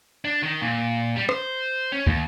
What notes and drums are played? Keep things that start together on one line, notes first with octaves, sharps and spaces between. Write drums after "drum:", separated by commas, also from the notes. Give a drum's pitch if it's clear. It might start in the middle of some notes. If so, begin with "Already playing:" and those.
D4
D#3
A#2
G3
C5, drum: rim click
C#4
D#2, drum: kick